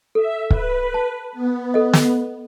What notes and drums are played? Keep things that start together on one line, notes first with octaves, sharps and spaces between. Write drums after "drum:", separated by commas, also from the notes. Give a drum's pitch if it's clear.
A4 E5
B4, drum: kick
A5
B3
A4 D#5
drum: snare